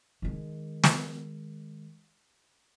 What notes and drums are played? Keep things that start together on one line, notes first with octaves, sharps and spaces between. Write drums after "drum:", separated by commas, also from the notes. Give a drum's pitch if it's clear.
D#3 G#3
drum: snare